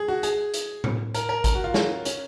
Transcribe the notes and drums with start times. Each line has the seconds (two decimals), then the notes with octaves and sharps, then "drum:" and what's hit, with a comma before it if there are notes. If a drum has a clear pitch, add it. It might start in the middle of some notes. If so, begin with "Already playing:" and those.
Already playing: G#4
0.08 F#4
0.23 G#4, drum: hi-hat
0.54 drum: hi-hat
0.84 drum: tom A2
1.14 A#4, drum: hi-hat
1.29 A#4
1.44 A#4, drum: kick A1, hi-hat
1.55 F#4
1.64 F4
1.74 C#4, drum: snare
2.05 C#4, drum: hi-hat